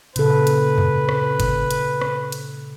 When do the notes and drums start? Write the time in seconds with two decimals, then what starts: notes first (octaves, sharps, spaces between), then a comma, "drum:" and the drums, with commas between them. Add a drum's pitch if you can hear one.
0.16 A#2 C#3 A4 B4, drum: hi-hat
0.47 drum: hi-hat
0.78 drum: tom F2
1.09 drum: rim click
1.40 drum: kick, hi-hat
1.71 drum: hi-hat
2.01 drum: rim click
2.32 drum: hi-hat